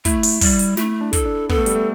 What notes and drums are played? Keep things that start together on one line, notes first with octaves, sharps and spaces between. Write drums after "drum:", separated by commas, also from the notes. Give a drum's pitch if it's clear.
A3 E4, drum: kick, hi-hat
drum: open hi-hat
G3, drum: kick, open hi-hat
drum: hi-hat
A3 E4, drum: snare
D4
A4, drum: kick, hi-hat
D4
B3 A4, drum: kick
A3
G3, drum: hi-hat
A3